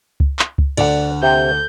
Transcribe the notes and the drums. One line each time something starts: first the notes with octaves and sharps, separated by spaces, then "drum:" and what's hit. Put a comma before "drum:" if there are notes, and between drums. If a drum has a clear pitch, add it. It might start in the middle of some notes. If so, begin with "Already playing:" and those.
drum: kick C#2
drum: clap
drum: kick C#2
D2 D5 F#5, drum: cymbal
C3 G6